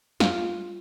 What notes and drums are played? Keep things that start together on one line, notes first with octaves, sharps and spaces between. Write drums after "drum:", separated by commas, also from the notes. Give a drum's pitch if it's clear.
F4, drum: snare